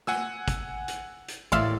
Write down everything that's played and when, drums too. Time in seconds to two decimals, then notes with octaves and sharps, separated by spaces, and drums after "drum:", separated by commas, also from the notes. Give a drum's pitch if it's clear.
0.07 F#5 G#5 E6, drum: snare
0.48 drum: kick, hi-hat
0.88 drum: hi-hat
1.28 drum: hi-hat
1.52 A1 D#2 A2 D5 E5 F5 C6